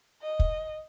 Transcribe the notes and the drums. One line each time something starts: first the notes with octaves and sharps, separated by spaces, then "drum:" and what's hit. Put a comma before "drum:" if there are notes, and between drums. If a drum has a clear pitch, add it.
D#5
drum: kick